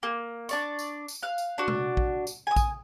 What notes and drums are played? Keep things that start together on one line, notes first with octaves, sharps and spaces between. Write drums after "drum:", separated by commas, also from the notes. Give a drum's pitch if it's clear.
A#3
D4 D5 C#6, drum: tambourine
drum: tambourine
drum: tambourine
F5 F#6
drum: tambourine
D4 F#4
drum: tom B2
drum: kick A#1
drum: tambourine
G#5 D#6
drum: kick A#1, tambourine